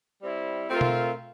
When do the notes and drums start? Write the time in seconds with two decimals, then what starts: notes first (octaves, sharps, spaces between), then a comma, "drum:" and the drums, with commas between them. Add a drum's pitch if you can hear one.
0.21 G3 C4 E4
0.68 A3 C4 F4 A#4
0.81 drum: tom B2